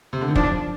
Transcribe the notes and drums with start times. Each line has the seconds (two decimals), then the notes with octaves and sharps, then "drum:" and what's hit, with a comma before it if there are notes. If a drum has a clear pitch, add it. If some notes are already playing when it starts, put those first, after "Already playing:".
0.13 C3
0.21 D3
0.28 D#3
0.36 F3 D4, drum: kick
0.51 F3